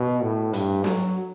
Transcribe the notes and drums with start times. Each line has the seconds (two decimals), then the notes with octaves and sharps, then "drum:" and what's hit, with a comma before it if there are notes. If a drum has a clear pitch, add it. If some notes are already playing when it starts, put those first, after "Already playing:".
Already playing: B2
0.23 A2
0.53 G2, drum: hi-hat
0.84 F#3, drum: snare